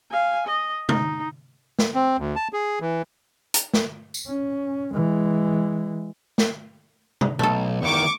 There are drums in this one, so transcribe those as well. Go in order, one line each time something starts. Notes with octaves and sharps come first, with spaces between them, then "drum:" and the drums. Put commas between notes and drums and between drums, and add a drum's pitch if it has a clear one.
F5 G#5
D#5
D#4, drum: tom C3
drum: snare
C4
D2
A5
G#4
E3
drum: hi-hat
drum: snare
drum: tambourine
C#4
E3 G#3
drum: snare
drum: tom C3
B1 A3 A4
E2 D#3 C#6 D6